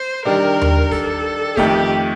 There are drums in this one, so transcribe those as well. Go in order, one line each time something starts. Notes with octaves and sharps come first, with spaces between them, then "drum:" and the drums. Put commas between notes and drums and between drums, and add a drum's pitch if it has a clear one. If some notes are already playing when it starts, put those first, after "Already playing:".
Already playing: C5
D#3 G3 D4 A#4
drum: tom D#2
A4, drum: snare
F2 D#3 A3 G4, drum: snare